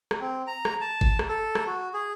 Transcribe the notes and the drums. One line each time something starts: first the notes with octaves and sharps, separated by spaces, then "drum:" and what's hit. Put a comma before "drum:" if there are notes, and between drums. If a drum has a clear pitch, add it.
drum: rim click
C4
A#5
drum: rim click
A5
drum: kick G1
drum: rim click
A4
drum: rim click
F#4
G#4